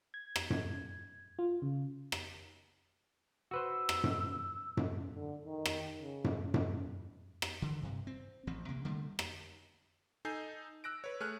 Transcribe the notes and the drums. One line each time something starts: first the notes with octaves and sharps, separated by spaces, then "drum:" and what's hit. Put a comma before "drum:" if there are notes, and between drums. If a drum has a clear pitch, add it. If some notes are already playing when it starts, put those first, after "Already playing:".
G#6
drum: rim click
drum: tom F#2
F4
C#3
drum: rim click
F#4 B4 C5 E6
drum: rim click
drum: tom F#2
drum: tom F#2
D3
D#3
drum: rim click
C#3
drum: tom F#2
drum: tom F#2
drum: rim click
D3 E3
G2 C3
C4
A1 F3 C4
C3 A#3
D3 G3 A3 A#3
drum: rim click
D#4 A4 D#5 G#5 G6 C7
E6 F#6 A#6 D7
B4 C#5
A3 G#4 F6 F#6